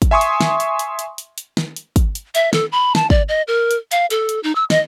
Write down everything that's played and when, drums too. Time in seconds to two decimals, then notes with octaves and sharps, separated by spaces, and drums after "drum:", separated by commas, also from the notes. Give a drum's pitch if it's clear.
0.02 drum: kick, hi-hat
0.11 E5 G#5 C6 C#6 D#6
0.21 drum: hi-hat
0.41 drum: snare
0.60 drum: hi-hat
0.79 drum: hi-hat
0.99 drum: hi-hat
1.18 drum: hi-hat
1.38 drum: hi-hat
1.57 drum: snare
1.76 drum: hi-hat
1.96 drum: kick, hi-hat
2.15 drum: hi-hat
2.35 E5, drum: hi-hat
2.53 A4, drum: snare
2.72 B5
2.95 A5, drum: snare
3.10 D5, drum: kick
3.29 D#5
3.48 A#4
3.71 drum: hi-hat
3.92 F5, drum: hi-hat
4.10 A4, drum: hi-hat
4.29 drum: hi-hat
4.43 D#4
4.55 E6
4.70 D#5, drum: snare